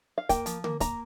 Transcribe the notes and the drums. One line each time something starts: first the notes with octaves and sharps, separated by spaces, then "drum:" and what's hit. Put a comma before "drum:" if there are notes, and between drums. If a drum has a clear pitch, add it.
F5
A#3 G5, drum: kick, hi-hat
F3, drum: hi-hat
A#3, drum: tom D3
A#3 A#5, drum: kick, hi-hat